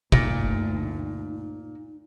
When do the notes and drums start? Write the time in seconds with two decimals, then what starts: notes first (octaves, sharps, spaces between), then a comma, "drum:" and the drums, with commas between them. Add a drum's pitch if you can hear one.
0.12 D2 A#2 D#4, drum: kick G1